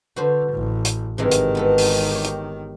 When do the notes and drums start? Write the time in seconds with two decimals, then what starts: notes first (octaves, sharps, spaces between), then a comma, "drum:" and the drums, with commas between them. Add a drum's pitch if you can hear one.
0.16 D3 F#4 B4 C5
0.52 A1
0.85 drum: hi-hat
1.18 G#1 C3 D#3 E3 G#3
1.31 drum: hi-hat
1.55 B3 A4 B4
1.78 drum: open hi-hat
2.11 G4 C#5
2.25 drum: hi-hat